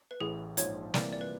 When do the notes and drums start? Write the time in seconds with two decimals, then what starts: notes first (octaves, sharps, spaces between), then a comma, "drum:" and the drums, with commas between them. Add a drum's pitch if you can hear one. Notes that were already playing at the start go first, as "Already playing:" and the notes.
0.11 B4
0.20 A1 A2 E3 G#4
0.57 A#1 G#2 F3 C#5, drum: hi-hat
0.94 C3 E3 G3 A#3 D5, drum: snare
1.13 D5
1.21 B4